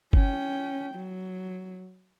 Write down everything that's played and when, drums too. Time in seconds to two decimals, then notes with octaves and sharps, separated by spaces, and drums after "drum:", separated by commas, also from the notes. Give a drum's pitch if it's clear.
0.13 C#4 G5, drum: kick G1
0.95 F#3